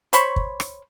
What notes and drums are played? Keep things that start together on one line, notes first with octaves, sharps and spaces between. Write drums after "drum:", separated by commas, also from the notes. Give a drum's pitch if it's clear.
C5 C#5 B5 C#6, drum: hi-hat
drum: kick
drum: rim click